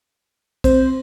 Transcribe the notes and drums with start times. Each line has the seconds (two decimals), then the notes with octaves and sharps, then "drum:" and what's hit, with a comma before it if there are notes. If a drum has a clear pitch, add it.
0.64 C4 C5, drum: kick, cymbal